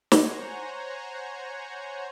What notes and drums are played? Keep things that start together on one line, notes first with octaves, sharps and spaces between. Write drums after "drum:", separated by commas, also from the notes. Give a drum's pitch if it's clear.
C5 C#5 F#5 G#5 A#5, drum: snare